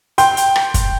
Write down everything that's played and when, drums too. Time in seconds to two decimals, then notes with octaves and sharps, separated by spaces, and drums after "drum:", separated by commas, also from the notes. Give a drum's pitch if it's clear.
0.18 G5 C6, drum: hi-hat
0.37 drum: hi-hat
0.56 drum: rim click
0.74 drum: kick, hi-hat